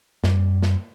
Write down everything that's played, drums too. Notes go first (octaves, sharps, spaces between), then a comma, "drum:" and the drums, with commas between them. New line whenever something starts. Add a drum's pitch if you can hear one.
F#2 G3, drum: snare
drum: snare